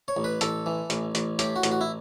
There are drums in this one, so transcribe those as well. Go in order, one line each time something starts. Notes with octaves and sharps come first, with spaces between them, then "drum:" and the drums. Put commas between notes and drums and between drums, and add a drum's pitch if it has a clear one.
C#5
A1
B4
A1 A4, drum: hi-hat
E3
A1, drum: hi-hat
A1, drum: hi-hat
A2 G4, drum: hi-hat
F#4
A1, drum: hi-hat
F#4
E4